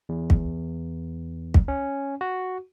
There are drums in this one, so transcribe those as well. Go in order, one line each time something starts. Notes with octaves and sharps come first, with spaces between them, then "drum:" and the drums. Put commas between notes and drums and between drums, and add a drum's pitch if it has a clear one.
E2
drum: kick
drum: kick
C#4
F#4